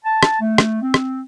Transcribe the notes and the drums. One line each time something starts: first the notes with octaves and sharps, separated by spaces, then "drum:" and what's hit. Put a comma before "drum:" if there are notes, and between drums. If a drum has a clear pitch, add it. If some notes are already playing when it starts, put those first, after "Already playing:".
A5
drum: rim click
A3
drum: rim click
C4
drum: rim click